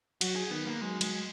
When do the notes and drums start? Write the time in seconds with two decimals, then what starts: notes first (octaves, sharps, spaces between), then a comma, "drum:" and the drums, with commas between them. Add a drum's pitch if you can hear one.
0.21 F#3 F#4, drum: cymbal
0.36 G#4
0.51 D#3 B3
0.66 A#3
0.81 F#3 G#3
1.01 G#3, drum: cymbal